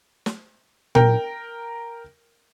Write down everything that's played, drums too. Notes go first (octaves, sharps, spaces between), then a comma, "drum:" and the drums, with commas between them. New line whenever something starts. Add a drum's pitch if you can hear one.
drum: snare
A#4 G5, drum: tom A#2